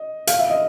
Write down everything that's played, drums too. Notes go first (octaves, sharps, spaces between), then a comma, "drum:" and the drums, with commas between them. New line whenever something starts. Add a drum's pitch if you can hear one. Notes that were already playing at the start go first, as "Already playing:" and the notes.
Already playing: D#5
F5, drum: hi-hat
E5
D#5